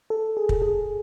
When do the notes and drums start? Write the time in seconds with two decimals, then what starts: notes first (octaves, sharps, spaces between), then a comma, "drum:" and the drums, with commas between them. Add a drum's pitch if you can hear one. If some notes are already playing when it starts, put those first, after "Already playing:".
0.10 A4
0.37 G#4
0.49 drum: kick
0.62 G#4